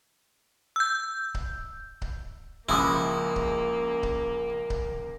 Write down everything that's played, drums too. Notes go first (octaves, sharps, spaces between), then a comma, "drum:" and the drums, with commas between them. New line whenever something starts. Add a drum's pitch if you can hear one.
E6 G6
drum: kick C#1
drum: kick C#1
C#2 C#3 F3 G#3 A#3 E4 D6 D#6, drum: kick C#1
drum: kick C#1
drum: kick C#1
drum: kick C#1